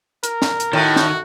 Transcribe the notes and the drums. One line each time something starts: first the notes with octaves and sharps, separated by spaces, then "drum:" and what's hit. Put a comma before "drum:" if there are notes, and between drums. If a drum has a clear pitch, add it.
A#4, drum: hi-hat
drum: snare
drum: hi-hat
A2 D#3 F#4
drum: snare